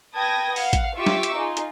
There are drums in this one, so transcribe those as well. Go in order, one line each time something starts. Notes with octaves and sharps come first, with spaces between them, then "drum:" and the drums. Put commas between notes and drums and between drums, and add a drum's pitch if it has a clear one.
B4 G5 A5 D#6 G#6 A#6
F5 F#5, drum: open hi-hat
drum: kick A1, hi-hat
F4 G4 E5 C#6 D6 E6
drum: snare
drum: hi-hat
D#4 F4 G#4
drum: hi-hat